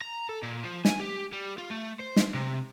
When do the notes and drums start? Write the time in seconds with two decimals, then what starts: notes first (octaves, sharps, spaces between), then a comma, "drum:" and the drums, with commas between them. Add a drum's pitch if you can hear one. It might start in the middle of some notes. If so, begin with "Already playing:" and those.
0.01 A#5
0.29 A4
0.42 A#2
0.63 F3
0.85 G#5, drum: snare
1.00 G4
1.33 G3
1.58 F4
1.71 A3
2.00 C5
2.16 drum: snare
2.34 C3